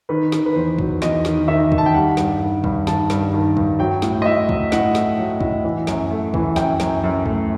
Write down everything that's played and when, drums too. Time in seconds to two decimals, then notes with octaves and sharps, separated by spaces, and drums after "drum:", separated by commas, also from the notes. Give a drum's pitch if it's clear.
0.09 D#3 B4
0.32 D#3, drum: snare
0.46 B4
0.55 E2 C5
0.79 F#3, drum: kick
1.02 E2 D#5, drum: snare
1.25 D#3, drum: snare
1.48 D#3 E5
1.72 D#3, drum: kick
1.78 A5
1.86 G5
1.94 G3 F#5
2.17 G2, drum: snare
2.41 D#3
2.64 G2, drum: kick
2.87 D#3 A5, drum: snare
3.10 G2, drum: snare
3.33 D#3
3.57 G2, drum: kick
3.79 F#3 G5
4.02 A2, drum: snare
4.22 D#5
4.25 A2 E5
4.49 F#3, drum: kick
4.72 A2 F#5, drum: snare
4.95 A3, drum: snare
5.18 F#3
5.41 A2, drum: kick
5.64 E3
5.87 F#2, drum: snare
6.11 A3
6.34 E3, drum: kick
6.56 F#2 G5, drum: snare
6.80 F#2, drum: snare
7.04 F#2
7.26 A3, drum: kick